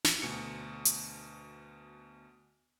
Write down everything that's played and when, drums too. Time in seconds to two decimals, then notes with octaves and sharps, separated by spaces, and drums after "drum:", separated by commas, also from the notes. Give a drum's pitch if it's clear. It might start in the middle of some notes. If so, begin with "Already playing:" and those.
0.04 drum: snare
0.22 D2 B2 C#7
0.85 drum: hi-hat